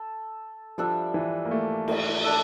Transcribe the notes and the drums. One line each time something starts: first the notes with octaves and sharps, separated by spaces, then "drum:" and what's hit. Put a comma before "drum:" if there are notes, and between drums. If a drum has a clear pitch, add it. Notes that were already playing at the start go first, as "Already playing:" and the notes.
Already playing: A4
F3 G3 D4 A4 E5
E3
A#3
A3
A3, drum: cymbal
D4 A4 E5